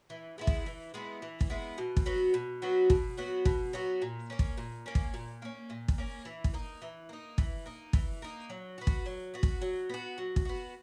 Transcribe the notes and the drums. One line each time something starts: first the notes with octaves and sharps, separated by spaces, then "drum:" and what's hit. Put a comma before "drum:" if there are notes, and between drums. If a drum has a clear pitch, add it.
E3
G#3 B3 E4
drum: kick
E3
G#3 B3 E4
E3
drum: kick
G#3 B3 E4
B2
drum: kick
F#3 B3 F#4
B2
F#3 B3 F#4
B2, drum: kick
F#3 B3 F#4
B2, drum: kick
F#3 B3 F#4
A#2
A#3 C#4
drum: kick
A#2
A#3 C#4
drum: kick
A#2
A#3 C#4
A#2
drum: kick
A#3 C#4
E3
drum: kick
A#3 D#4
E3
A#3 D#4
E3, drum: kick
A#3 D#4
E3, drum: kick
A#3 D#4
F#3
B3 F#4
drum: kick
F#3
B3 F#4
drum: kick
F#3
B3 F#4
F#3
drum: kick
B3 F#4